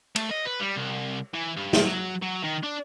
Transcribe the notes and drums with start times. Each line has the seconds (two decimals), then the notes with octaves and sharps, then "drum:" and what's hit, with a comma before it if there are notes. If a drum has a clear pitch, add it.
0.16 A3, drum: cymbal
0.31 D#5
0.46 B4
0.61 G3
0.78 C2
1.34 E3
1.57 G2
1.73 drum: snare
1.85 F#3
2.23 F#3
2.44 D#3
2.64 D4